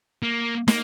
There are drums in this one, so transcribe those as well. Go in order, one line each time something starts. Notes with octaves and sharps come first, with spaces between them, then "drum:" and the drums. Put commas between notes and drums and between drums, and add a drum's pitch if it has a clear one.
A#3
A#3, drum: snare